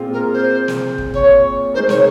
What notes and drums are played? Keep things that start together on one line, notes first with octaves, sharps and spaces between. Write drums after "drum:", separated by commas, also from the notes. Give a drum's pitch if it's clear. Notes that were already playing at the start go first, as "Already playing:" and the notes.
Already playing: A#2 G#3 C4 F4
A#4
C5
drum: snare
drum: kick
C#5, drum: kick
G#3 D#4 A#4 C5
C#5, drum: snare